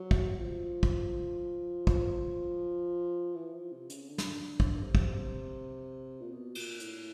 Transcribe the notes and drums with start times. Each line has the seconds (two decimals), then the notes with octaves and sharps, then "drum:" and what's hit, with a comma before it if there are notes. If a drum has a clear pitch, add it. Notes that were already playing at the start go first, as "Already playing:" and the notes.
Already playing: F#3
0.11 drum: kick
0.29 F#3
0.38 F3
0.83 drum: kick
1.87 F3, drum: kick
3.35 E3
3.53 F3
3.72 C3
3.90 C#3, drum: hi-hat
4.09 D3
4.18 drum: snare
4.60 drum: kick
4.82 C3
4.95 drum: kick
6.21 A#2
6.31 B2
6.55 A#2, drum: cymbal
6.80 A2, drum: hi-hat